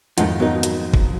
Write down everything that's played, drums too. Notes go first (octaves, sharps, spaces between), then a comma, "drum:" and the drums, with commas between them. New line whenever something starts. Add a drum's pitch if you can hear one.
F2 G#2 D#3 F3 A3 D#4 F4 F#5, drum: hi-hat
F#3 B3 D#4 F#4 A#4
drum: hi-hat
drum: kick